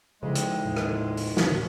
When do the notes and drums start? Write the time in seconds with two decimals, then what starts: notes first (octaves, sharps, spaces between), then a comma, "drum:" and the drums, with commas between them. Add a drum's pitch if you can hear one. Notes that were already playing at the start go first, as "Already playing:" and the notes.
0.23 D2 C#3 F3 G#3 D#4 E4 G4
0.35 drum: hi-hat
0.65 A#1 D#2 A2
0.77 drum: rim click
1.17 drum: open hi-hat
1.37 drum: snare
1.49 A2